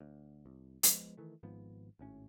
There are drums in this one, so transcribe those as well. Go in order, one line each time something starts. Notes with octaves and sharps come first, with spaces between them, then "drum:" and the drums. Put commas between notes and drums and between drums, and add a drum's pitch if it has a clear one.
D2
C2
F3 G#3 B3, drum: hi-hat
D#3 E3 A3
G#1 G#2 F3 B3
G#1 A2 C#4